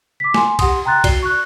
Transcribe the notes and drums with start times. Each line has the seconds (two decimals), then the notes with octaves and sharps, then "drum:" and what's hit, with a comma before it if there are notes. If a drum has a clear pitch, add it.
0.20 D6 B6
0.34 G#5 C6, drum: snare
0.59 G4 F#5 C6 D#6, drum: kick B1, cymbal
0.85 G5 A#5 C6 F#6 A6
1.04 F#4 D5 C7 G7, drum: kick B1, cymbal
1.23 C#6 F#6